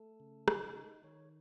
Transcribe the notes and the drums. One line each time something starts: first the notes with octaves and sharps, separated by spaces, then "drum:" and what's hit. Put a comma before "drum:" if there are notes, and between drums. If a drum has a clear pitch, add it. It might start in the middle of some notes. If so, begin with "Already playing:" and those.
Already playing: A3 A4
C#3
D#4, drum: rim click
D#4
D#3 C#5